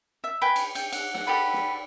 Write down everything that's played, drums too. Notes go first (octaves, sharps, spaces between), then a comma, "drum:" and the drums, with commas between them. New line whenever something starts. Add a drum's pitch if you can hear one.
E5
B4 G5 G#5 B5
drum: cymbal
G5, drum: cymbal
F#5, drum: cymbal
F#5, drum: snare
G4 A4 B4 F#5
drum: snare